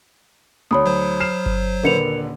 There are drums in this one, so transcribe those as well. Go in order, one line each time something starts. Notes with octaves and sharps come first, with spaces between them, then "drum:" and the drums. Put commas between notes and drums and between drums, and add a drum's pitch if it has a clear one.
D2 C#5 B5 D#6
F#3 C5
F6 C7 E7
drum: kick G1
D#1 D3 A#4 B4 C#7 F7